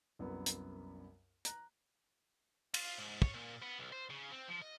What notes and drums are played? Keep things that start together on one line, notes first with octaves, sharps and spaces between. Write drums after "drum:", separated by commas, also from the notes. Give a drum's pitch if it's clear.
C2 F#2 B3
drum: hi-hat
A#5 F#6, drum: hi-hat
F4, drum: cymbal
G#2
C#5, drum: kick
A#2
B3
B1
C5
C#3
C4
F3
D#5